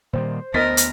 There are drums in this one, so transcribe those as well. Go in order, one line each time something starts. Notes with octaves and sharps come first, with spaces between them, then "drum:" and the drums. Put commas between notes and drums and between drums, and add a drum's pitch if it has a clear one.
A#2 D#3 G3 C5
D2 B3 A#4 D#5 A6 B6
drum: hi-hat